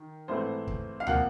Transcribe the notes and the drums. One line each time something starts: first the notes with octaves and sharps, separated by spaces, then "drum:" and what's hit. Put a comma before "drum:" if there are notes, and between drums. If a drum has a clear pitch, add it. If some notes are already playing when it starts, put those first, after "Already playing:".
Already playing: D#3
G#2 E3 A3 C4 C5
drum: kick
F5
C3 F3 A#3 F#5, drum: tom